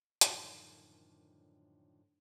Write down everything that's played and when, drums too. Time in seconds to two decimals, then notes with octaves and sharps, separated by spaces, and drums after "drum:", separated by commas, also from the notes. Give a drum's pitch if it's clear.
0.21 F#2 A2 D3 D#3 F3 G3, drum: hi-hat